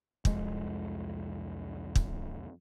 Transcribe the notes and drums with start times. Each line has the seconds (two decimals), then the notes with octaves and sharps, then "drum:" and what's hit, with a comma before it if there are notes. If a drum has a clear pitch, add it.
0.25 C2 F2 G#3, drum: kick
1.95 drum: kick